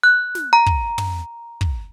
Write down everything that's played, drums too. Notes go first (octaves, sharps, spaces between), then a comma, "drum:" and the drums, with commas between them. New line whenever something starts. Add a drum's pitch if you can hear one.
F#6
drum: snare
A#5
drum: kick
drum: tom
drum: kick